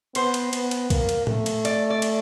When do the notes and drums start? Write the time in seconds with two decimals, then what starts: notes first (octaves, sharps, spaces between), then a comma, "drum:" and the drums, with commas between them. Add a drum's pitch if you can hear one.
0.15 B3 C5, drum: cymbal
0.34 drum: cymbal
0.53 B3, drum: cymbal
0.71 drum: cymbal
0.90 A#3, drum: kick C2, cymbal
1.09 drum: cymbal
1.27 A3, drum: tom A2
1.46 drum: cymbal
1.65 D5, drum: cymbal
1.90 D5
2.02 drum: cymbal